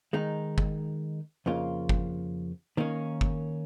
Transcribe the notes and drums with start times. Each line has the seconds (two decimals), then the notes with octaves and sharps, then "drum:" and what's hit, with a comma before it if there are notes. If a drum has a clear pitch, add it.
0.13 D#3 G#3 D#4
0.58 drum: kick G1
1.46 F2 C#3 A#3 F4
1.89 drum: kick G1
2.77 D#3 A#3 C#4
3.21 drum: kick G1